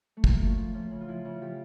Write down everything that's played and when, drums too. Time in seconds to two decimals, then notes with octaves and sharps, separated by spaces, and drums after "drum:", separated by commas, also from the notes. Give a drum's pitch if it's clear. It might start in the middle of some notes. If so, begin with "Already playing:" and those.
0.17 A3
0.24 A2 A#3, drum: kick
0.41 F3 A3
0.58 F3
0.74 F3 C#4
0.91 C#3
1.01 F4
1.08 F3 E4
1.25 C#3
1.42 F3 G4